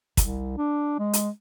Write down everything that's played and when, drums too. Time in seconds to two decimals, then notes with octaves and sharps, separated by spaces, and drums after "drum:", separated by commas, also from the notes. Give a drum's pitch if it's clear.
0.17 C2, drum: kick, hi-hat
0.57 D4
0.99 G#3
1.13 drum: hi-hat